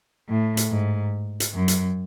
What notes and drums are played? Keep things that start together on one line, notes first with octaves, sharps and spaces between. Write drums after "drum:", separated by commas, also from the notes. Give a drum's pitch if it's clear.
A2
drum: hi-hat
G#2
drum: hi-hat
F#2
drum: hi-hat